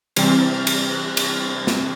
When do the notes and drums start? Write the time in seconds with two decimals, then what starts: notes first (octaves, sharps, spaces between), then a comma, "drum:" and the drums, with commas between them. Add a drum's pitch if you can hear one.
0.16 C3 E3 G3 C4 F6, drum: cymbal
0.54 F6
0.67 drum: cymbal
0.92 F#6
1.17 drum: cymbal
1.30 F6
1.67 drum: snare